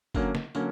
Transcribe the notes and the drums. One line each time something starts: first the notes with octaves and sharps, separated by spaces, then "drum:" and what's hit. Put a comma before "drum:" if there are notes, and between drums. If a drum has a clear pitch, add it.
D3 F#3 A#3 C#4, drum: kick, tambourine
drum: snare
D3 F#3 A#3 C#4, drum: tambourine